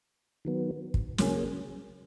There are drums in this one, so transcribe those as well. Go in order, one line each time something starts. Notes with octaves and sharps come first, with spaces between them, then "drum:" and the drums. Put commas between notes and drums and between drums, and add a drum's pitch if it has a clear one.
D#3 F#3 B3
drum: kick
C#3 F#3 A#3 C#4 G#4, drum: snare